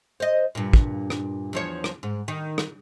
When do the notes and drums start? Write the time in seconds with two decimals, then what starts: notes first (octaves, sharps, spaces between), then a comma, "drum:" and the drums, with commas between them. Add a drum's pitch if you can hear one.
0.20 C5 D#5
0.55 G2 A#2
0.73 drum: kick
1.10 drum: rim click
1.53 E2 F3 C#5
1.84 drum: rim click
2.03 G#2
2.28 D#3
2.58 drum: rim click